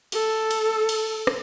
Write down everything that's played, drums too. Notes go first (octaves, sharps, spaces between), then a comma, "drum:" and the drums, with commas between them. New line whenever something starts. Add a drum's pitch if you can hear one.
A4, drum: cymbal
drum: cymbal
drum: cymbal
drum: rim click